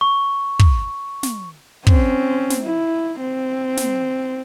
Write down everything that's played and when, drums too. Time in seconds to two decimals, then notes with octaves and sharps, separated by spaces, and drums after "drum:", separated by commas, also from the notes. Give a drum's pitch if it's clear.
0.01 C#6
0.59 drum: kick
1.23 drum: snare
1.87 C4 C#4, drum: kick
2.50 drum: snare
2.63 E4
3.20 C4
3.77 drum: snare